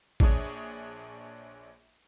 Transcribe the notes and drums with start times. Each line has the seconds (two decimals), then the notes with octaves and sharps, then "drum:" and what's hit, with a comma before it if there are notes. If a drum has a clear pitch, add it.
0.20 A#1 D4 G#4 C#5 D#6, drum: kick A1